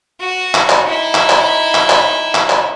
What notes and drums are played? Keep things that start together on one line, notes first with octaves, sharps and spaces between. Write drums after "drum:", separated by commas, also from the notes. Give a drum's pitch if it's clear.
F#4
drum: clap
drum: clap
D#4 E4
drum: clap
drum: clap
drum: clap
drum: clap
drum: clap
drum: clap